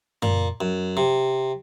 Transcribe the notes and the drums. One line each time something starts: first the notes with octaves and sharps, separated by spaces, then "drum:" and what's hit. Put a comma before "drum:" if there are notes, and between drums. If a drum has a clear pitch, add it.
A#2, drum: tom F#2
F#2
C3